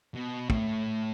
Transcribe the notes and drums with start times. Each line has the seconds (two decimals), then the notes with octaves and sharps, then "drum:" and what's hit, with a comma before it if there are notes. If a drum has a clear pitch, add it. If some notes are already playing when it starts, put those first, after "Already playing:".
0.15 B2
0.50 A2, drum: kick